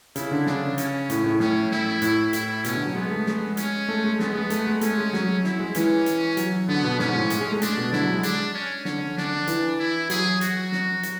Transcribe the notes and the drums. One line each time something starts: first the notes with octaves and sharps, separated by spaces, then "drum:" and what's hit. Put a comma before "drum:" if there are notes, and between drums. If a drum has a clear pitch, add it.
C#3 E4, drum: hi-hat
D3
C#3 D4, drum: snare
C#4, drum: hi-hat
A2, drum: hi-hat
A2
A2 C#4, drum: snare
E4, drum: snare
A2, drum: hi-hat
E4, drum: hi-hat
B2 C#4, drum: hi-hat
D3
F#3
G#3 B3
A3
G#3, drum: snare
C#4, drum: hi-hat
A3
G#3
G#3 B3, drum: snare
G#3
A3, drum: hi-hat
G#3
A3 C#4, drum: hi-hat
G#3
F#3, drum: snare
E4, drum: snare
G#3
E3 C#4, drum: hi-hat
drum: hi-hat
F#3, drum: hi-hat
D3 B3
B2
G#2 C#4, drum: snare
A2
G#3, drum: hi-hat
G#3
A3
G#3 D4, drum: hi-hat
B2
D3 E4, drum: snare
F#3
G#3
D4, drum: hi-hat
C#4
D3 C#4, drum: snare
D4, drum: snare
E3, drum: hi-hat
E4
F#3 G#4, drum: hi-hat
F#4, drum: hi-hat
drum: snare
drum: hi-hat